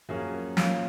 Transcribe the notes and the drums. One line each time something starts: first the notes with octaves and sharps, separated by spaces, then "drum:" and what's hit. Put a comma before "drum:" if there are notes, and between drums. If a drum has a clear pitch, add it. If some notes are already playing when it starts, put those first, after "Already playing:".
F#2 F3 A#3 C#4 G#4
A#2 F3 A#3 C#4 F4, drum: snare